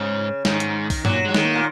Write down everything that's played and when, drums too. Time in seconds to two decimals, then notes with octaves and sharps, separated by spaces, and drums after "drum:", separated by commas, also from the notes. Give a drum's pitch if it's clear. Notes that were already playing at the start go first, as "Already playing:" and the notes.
Already playing: G#2 C#3
0.45 G#2 D#3, drum: snare
0.60 drum: hi-hat
0.90 drum: kick, open hi-hat
1.05 A#2 F#3, drum: tom G2
1.25 F#3 G#3
1.34 D#3, drum: snare
1.44 A#3
1.55 A#2